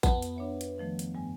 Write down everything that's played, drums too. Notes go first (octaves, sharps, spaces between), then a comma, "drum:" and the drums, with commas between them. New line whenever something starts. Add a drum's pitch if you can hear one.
F2 B3, drum: kick A#1, hi-hat
drum: hi-hat
D4 C#5 E5
drum: hi-hat
D#3 F3 A3
drum: hi-hat
G2 G3 G#5